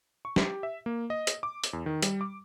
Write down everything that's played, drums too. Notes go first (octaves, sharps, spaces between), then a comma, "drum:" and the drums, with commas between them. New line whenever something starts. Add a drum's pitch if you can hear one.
C#6
G4, drum: snare
E5
A#3
D#5
drum: hi-hat
D6
drum: hi-hat
E2
D#3
G3, drum: hi-hat
D6